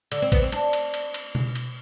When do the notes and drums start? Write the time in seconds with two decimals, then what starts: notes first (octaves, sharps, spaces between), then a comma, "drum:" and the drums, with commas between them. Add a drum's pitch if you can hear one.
0.12 D3, drum: cymbal
0.22 C4
0.32 B3, drum: kick A#1, cymbal
0.42 C4
0.52 D4, drum: cymbal
0.73 drum: cymbal
0.94 drum: cymbal
1.14 drum: cymbal
1.35 drum: tom B2
1.55 drum: cymbal